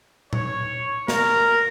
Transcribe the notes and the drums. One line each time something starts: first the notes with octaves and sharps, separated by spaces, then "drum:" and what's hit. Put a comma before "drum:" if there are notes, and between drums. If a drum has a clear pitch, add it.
C#5, drum: tom A#2
A#4, drum: snare